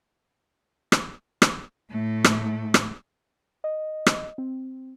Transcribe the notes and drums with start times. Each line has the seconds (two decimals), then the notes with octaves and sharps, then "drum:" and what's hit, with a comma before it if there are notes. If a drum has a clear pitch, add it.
0.92 drum: rim click
1.42 drum: rim click
1.91 A2 A3
2.24 drum: rim click
2.74 drum: rim click
3.64 D#5
4.06 drum: rim click
4.38 C4